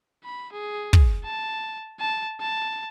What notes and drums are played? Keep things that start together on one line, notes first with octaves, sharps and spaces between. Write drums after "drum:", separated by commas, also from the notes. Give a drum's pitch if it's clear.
B5
G#4
drum: kick
A5
A5
A5